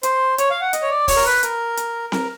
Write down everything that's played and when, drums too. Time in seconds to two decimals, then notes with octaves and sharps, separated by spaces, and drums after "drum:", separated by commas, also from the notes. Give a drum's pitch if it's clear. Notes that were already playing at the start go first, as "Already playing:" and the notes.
0.03 C5, drum: hi-hat
0.38 C#5, drum: hi-hat
0.50 F5
0.61 F#5
0.73 D#5, drum: hi-hat
0.82 C#5
0.90 D5
1.08 C#5, drum: kick, open hi-hat
1.16 A#4
1.26 B4
1.43 A#4, drum: hi-hat
1.77 drum: hi-hat
2.12 A#4, drum: snare C4